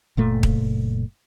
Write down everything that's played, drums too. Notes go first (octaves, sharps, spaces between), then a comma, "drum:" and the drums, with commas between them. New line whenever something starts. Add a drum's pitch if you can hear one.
F#1 A#2 A3
drum: kick D#1